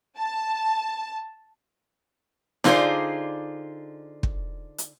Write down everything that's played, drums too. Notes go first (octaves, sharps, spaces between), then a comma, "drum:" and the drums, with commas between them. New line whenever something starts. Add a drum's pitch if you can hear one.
A5
D3 D#4 F4 G#4 C5 D5, drum: snare D#4
drum: kick
drum: hi-hat